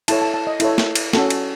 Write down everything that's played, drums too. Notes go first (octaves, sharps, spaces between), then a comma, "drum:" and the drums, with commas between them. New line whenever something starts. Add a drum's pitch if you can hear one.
E4 A4 C#5 A5, drum: cymbal
A5
A5
D#5
E4 A4 C#5, drum: cymbal
drum: snare
drum: cymbal
C#4 F#4 A4, drum: snare
drum: cymbal